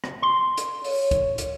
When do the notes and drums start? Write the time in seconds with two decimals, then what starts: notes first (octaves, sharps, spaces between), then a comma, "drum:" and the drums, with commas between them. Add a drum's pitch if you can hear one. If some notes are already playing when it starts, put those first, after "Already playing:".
0.04 drum: rim click
0.22 C6
0.57 drum: hi-hat
0.84 C#5, drum: open hi-hat
1.11 drum: kick, hi-hat
1.38 drum: hi-hat